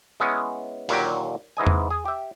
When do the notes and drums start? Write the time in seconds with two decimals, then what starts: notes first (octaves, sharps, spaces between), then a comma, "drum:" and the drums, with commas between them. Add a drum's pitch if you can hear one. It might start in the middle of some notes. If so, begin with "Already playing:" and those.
0.20 G#3 B3 C#4 E4
0.89 D#2 A#2 D3 F#3 G4, drum: open hi-hat
1.57 G#2 E3 D#5 G#5
1.67 drum: tom E2
1.90 G#4
2.05 G4 E5